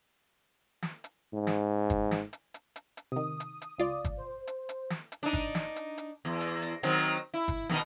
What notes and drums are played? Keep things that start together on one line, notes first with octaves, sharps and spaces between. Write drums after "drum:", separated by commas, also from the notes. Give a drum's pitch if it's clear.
drum: snare
drum: hi-hat
G#2
drum: snare
drum: kick G1, hi-hat
drum: snare
drum: hi-hat
drum: hi-hat
drum: hi-hat
drum: hi-hat
C3 D#3 D#6
drum: hi-hat
drum: hi-hat
C#2 F4 D5
drum: kick G1, hi-hat
C5
drum: hi-hat
drum: hi-hat
drum: snare
drum: hi-hat
D4 D#4
drum: kick G1, hi-hat
drum: snare
drum: hi-hat
drum: hi-hat
E2
drum: hi-hat
drum: hi-hat
D#3 F#3 C4, drum: hi-hat
drum: hi-hat
E4
drum: kick G1, hi-hat
B2 D#3 D#4, drum: snare